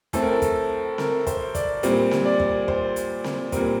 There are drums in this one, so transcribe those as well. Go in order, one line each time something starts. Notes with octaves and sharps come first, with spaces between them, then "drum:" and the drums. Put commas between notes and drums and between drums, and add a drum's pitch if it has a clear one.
A2 A3 C4 A4, drum: kick, hi-hat
A#4
A4
drum: kick, hi-hat
A#4, drum: snare C4
C5, drum: kick, hi-hat
D5, drum: kick, hi-hat
A#2 G3 C4, drum: hi-hat
drum: snare C4
D5
drum: kick
C5, drum: kick
drum: hi-hat
drum: snare C4
A#2 G3 C4 A#4, drum: kick, hi-hat